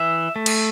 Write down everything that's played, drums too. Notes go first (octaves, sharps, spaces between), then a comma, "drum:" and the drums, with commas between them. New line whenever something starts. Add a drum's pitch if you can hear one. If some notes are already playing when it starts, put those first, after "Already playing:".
Already playing: E3 E5
A3
drum: cymbal